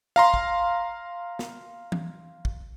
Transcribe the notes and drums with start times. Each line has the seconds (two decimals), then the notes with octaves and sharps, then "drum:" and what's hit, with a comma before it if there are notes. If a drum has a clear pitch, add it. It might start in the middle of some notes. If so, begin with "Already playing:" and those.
0.16 F5 A#5 C6
0.34 drum: kick
1.39 drum: snare
1.92 drum: tom
2.45 drum: kick